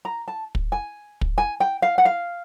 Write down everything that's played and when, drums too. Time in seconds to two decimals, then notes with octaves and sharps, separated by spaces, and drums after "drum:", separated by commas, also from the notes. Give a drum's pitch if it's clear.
0.05 A#5
0.28 A5
0.55 drum: kick
0.72 G#5
1.21 drum: kick
1.38 G#5
1.60 G5
1.82 F5
1.98 F#5
2.05 F5